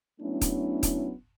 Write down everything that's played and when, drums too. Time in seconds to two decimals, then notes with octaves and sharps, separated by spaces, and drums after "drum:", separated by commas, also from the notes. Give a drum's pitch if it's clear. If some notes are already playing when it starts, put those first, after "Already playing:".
0.21 F#3 A3 B3 C#4 D4 E4
0.41 drum: kick D#1, hi-hat
0.83 drum: kick D#1, hi-hat